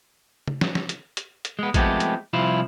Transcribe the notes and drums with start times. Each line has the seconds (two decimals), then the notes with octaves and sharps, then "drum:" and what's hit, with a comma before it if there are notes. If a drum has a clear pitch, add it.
0.48 drum: tom
0.61 drum: snare
0.75 drum: snare
0.89 drum: hi-hat
1.17 drum: hi-hat
1.45 drum: hi-hat
1.59 G#3 B3
1.74 F3 G#3 A3 B3 C4 G4, drum: kick A1, hi-hat
2.00 drum: hi-hat
2.33 C2 F3 E4 F4